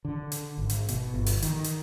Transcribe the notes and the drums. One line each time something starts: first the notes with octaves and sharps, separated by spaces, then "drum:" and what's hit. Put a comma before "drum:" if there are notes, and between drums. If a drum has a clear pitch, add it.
D3
drum: hi-hat
G#1
drum: hi-hat
B2, drum: hi-hat
G1
drum: open hi-hat
D#3, drum: hi-hat
drum: hi-hat